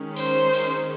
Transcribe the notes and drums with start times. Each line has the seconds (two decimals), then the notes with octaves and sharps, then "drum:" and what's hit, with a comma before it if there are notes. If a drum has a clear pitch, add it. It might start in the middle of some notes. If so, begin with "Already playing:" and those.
Already playing: D#3 G#3 C#4
0.17 C5, drum: cymbal
0.53 drum: cymbal